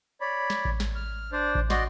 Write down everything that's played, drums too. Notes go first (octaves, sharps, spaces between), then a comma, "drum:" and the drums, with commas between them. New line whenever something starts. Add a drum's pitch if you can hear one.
C#5 D5 B5
drum: snare
drum: kick A1
drum: snare
F6
D4 C5 D5
drum: kick A1
F#4 D5 D#5 C6, drum: snare